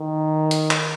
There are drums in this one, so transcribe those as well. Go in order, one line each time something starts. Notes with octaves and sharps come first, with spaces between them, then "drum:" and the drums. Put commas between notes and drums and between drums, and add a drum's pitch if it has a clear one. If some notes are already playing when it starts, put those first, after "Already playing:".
Already playing: D#3
drum: hi-hat
drum: clap